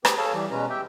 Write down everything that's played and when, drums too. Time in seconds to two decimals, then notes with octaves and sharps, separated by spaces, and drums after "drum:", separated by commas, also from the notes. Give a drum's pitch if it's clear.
0.05 C4 G4 G#4 B4, drum: rim click
0.18 G#4 A4 C#5 F5 A5
0.34 E3 G3 G4
0.51 B2 G#3 C#4 B4 A#5
0.70 G4 E5 G5